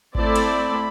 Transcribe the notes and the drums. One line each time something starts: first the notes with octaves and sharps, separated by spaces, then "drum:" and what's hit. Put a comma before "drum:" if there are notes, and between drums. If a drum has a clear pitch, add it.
A3 C4 E4 A4 D5 B5, drum: kick G#1
drum: cymbal